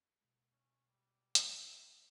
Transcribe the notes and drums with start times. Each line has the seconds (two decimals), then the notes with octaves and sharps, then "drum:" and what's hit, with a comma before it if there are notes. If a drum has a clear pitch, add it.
0.21 B2 G#3
0.52 C#4
0.87 G3
1.35 drum: hi-hat
1.68 B3